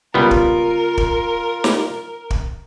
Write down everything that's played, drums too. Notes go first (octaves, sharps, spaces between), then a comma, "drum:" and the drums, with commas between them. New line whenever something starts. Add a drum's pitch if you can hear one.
C#2 G3 B3 F4 A#4
drum: kick
drum: kick
drum: snare
drum: kick